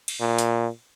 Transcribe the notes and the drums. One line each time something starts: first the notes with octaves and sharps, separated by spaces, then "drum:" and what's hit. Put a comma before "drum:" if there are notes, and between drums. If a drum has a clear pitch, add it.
drum: cymbal
A#2
drum: hi-hat